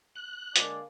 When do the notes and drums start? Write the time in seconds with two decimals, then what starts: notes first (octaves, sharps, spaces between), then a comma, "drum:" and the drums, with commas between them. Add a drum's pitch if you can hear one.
0.15 F#6
0.56 D3 G#3 A#3 D4, drum: hi-hat